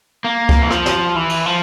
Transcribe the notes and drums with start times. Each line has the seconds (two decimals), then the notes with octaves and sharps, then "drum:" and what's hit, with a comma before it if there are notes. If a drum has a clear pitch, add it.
0.24 A#3
0.49 drum: kick C#2
0.62 E3
0.70 F3, drum: rim click
0.86 drum: snare
1.16 E3
1.29 drum: cymbal
1.46 F3